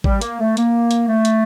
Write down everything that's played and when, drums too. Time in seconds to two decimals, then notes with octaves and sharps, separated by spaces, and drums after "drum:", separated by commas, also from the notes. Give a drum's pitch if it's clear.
0.04 G3, drum: kick A1
0.21 A#3, drum: hi-hat
0.39 A3
0.57 A#3, drum: hi-hat
0.91 drum: hi-hat
1.07 A3
1.25 drum: hi-hat